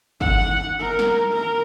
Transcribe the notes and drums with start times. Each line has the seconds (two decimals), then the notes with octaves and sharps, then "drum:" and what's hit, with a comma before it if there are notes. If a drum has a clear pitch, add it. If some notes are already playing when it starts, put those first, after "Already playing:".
0.21 F#5, drum: kick G1
0.80 A#4
0.99 drum: snare
1.33 A#4